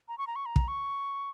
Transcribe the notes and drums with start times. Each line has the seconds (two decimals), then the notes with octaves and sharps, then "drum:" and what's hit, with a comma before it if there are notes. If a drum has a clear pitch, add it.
0.08 A#5
0.18 C#6
0.27 A#5
0.36 C#6
0.46 A#5
0.56 drum: kick
0.68 C#6